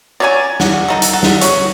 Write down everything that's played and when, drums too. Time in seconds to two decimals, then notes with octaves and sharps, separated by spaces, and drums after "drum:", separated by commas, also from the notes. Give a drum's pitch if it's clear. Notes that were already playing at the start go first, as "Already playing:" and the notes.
0.20 F#3 C#4 C#5 D5 G#5
0.60 F#5, drum: snare
0.88 D#3 D#4 A4
1.02 drum: hi-hat
1.13 A4 F#5
1.23 drum: snare
1.41 C#4 F#4, drum: hi-hat